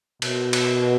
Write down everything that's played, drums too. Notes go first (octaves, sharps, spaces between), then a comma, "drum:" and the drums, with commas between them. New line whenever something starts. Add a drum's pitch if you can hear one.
B2, drum: cymbal
drum: cymbal